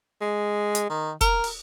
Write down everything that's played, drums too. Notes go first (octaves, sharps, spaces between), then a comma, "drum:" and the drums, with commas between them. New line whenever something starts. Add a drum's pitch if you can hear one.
G#3
drum: hi-hat
D#3
A#4, drum: kick, hi-hat
drum: open hi-hat